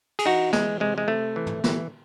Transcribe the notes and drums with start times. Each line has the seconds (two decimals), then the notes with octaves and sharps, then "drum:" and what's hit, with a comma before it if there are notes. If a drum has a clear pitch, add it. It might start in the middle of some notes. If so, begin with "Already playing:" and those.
0.19 G#4, drum: cymbal
0.26 E3 D#4 F#4
0.53 E3 G#3, drum: snare
0.80 C3 G#3
0.98 G#3
1.08 C3 A3
1.36 E3
1.47 drum: tom
1.64 E3, drum: snare